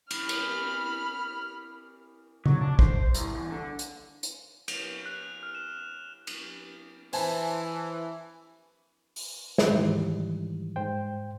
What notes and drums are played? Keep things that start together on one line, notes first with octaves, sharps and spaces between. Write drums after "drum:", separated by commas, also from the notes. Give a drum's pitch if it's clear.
B5 F6, drum: cymbal
drum: cymbal
F#3, drum: tom C#3
D4
C5, drum: kick
C2, drum: hi-hat
E2
D3
drum: hi-hat
drum: hi-hat
F7, drum: cymbal
F#6
F6
E7
drum: cymbal
E3 C5 G#5 A5, drum: open hi-hat
drum: open hi-hat
drum: snare
G#2 D#3 E3 G3
G#2 C5 G5